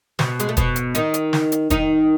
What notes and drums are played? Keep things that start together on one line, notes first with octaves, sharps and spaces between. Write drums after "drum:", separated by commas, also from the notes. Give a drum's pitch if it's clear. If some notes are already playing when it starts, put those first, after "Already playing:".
B2 B3, drum: snare
G#3, drum: hi-hat
A3
B2 B3, drum: kick, hi-hat
drum: hi-hat
D#3 D#4, drum: hi-hat
drum: hi-hat
drum: snare
drum: hi-hat
D#3 D#4, drum: kick, hi-hat